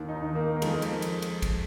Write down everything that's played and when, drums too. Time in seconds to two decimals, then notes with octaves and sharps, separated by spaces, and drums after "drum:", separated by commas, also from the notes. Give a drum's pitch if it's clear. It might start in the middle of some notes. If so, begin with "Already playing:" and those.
Already playing: D#2
0.09 D#4
0.22 D#3
0.35 A#3
0.56 A#3
0.62 F2 G#3, drum: cymbal
0.82 drum: cymbal
1.02 drum: cymbal
1.22 drum: cymbal
1.42 drum: kick, cymbal